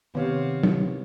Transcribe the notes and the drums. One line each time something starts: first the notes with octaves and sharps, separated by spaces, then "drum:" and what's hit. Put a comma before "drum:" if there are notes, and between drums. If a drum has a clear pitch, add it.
C3 D#3 B3 C#5 F5
drum: tom